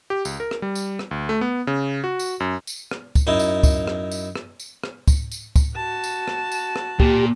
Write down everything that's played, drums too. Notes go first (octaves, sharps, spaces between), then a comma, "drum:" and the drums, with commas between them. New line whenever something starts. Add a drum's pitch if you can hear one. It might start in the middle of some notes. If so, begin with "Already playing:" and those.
G4
C#2, drum: tambourine
A#4
drum: rim click
G3
drum: tambourine
drum: rim click
D2
A3
B3
C#3
F#4
drum: tambourine
F#2
drum: tambourine
drum: rim click
drum: kick C#2, tambourine
F#2 D#4 E4
drum: tambourine
drum: kick C#2, tambourine
drum: rim click
drum: tambourine
drum: rim click
drum: tambourine
drum: rim click
drum: kick C#2, tambourine
drum: tambourine
drum: kick C#2, tambourine
F#4 A5
drum: tambourine
drum: rim click
drum: tambourine
drum: rim click
A#2 G4, drum: kick C#2